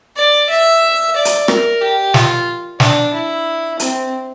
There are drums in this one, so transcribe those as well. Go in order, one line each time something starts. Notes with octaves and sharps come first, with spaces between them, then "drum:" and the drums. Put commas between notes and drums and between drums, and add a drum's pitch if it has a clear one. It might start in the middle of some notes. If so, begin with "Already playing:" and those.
D5
E5
D5
drum: hi-hat
A#4, drum: rim click
G4
F4, drum: snare
D4, drum: snare
E4
C4, drum: hi-hat